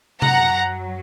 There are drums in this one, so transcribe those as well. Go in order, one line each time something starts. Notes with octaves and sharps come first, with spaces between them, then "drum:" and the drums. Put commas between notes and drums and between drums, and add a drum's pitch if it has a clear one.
F#2 F#3 F#5 A#5, drum: tom C3